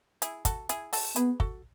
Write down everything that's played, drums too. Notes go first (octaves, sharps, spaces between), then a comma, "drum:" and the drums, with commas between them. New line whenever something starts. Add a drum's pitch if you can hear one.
E4 G#4, drum: hi-hat
F#4 A4, drum: kick, hi-hat
E4 G#4, drum: hi-hat
F#4 A4, drum: open hi-hat
B3 G#4 B4, drum: hi-hat
F#4 A4, drum: kick